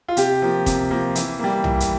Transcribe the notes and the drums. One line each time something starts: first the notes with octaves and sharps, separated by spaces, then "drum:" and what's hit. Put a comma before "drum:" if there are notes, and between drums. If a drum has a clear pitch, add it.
F4
C3 G4, drum: hi-hat
F3 A#3
C3, drum: kick, hi-hat
F3 A#3
E3, drum: hi-hat
G3 A#3
E3, drum: tom B1
drum: hi-hat